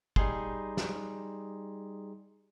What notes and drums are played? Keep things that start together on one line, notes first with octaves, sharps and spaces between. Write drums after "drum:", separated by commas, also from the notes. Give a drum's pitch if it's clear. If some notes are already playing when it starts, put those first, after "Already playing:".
G3 D#4 G#4 C6, drum: kick
drum: snare